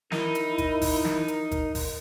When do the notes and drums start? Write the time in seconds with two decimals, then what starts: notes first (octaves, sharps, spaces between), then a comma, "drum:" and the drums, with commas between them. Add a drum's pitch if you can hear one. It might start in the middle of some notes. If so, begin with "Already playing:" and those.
0.12 D#4 E4 A#4, drum: snare
0.35 drum: hi-hat
0.58 drum: kick G1, hi-hat
0.82 drum: kick G1, open hi-hat
1.05 drum: snare
1.28 drum: hi-hat
1.51 drum: kick G1, hi-hat
1.75 drum: kick G1, open hi-hat